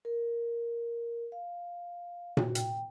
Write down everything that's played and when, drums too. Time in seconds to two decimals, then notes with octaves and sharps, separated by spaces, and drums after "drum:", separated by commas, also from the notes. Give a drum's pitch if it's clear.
0.05 A#4
1.32 F5
2.37 F#4, drum: tom A#2
2.55 G5, drum: hi-hat